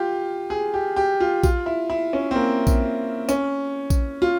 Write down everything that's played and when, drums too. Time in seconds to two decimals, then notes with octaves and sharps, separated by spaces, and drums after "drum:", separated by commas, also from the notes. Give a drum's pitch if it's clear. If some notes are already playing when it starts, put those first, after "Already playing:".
Already playing: F4 G4
0.50 G#4
0.74 G4
0.96 G4
1.20 F4
1.43 F4, drum: kick A#1, tambourine
1.66 E4
1.90 E4
2.13 C#4
2.31 C4
2.36 A#3
2.67 drum: kick A#1, tambourine
3.29 C#4, drum: tambourine
3.90 drum: kick A#1, tambourine
4.22 F4